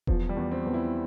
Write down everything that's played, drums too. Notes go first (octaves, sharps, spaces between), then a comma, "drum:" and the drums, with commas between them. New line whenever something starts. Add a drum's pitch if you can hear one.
E2 F3, drum: kick E1
G3
E2
C4
E2
E4